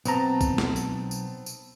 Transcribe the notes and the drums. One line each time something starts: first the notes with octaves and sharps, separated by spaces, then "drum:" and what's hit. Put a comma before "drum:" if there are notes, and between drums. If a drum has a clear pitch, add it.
B1 B3 C4 A5 A#5, drum: tambourine
drum: kick B1, tambourine
drum: snare
drum: tambourine
drum: tambourine
drum: tambourine